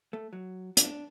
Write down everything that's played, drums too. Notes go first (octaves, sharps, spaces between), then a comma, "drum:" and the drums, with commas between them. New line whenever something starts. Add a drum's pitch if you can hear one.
A3
F#3
D4, drum: hi-hat